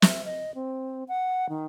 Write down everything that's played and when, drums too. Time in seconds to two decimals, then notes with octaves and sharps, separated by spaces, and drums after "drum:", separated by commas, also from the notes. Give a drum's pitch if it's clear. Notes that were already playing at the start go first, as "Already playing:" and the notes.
0.02 E5, drum: snare
0.25 D#5
0.55 C4
1.08 F#5
1.49 D#3